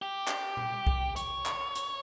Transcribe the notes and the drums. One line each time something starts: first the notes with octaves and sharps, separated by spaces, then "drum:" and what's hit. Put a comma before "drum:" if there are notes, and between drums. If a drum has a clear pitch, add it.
G4
drum: clap
drum: tom A#2
drum: kick
C#5, drum: hi-hat
drum: clap
drum: hi-hat